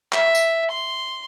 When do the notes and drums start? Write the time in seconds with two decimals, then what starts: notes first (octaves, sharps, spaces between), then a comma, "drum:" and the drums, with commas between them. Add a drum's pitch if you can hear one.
0.13 E5, drum: clap
0.35 drum: tambourine
0.71 C6